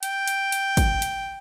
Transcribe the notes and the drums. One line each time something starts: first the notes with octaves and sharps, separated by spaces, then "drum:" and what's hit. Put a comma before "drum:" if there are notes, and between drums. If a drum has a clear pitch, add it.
G5, drum: hi-hat
drum: hi-hat
drum: hi-hat
drum: kick, hi-hat
drum: hi-hat